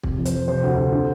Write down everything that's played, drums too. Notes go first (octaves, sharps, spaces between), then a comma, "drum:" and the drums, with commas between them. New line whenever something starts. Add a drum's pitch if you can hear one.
C3, drum: kick
F2
C5, drum: hi-hat
F2
C3 C5
D2
D2
D3